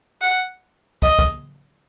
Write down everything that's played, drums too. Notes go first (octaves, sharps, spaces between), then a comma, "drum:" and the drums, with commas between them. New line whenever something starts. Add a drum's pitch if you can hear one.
F#5
D#5, drum: kick
drum: kick